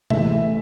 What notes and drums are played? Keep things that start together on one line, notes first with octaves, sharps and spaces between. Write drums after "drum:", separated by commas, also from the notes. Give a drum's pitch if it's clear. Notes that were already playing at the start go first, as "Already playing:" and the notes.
A1 A2 E3 A3 E5, drum: tom C3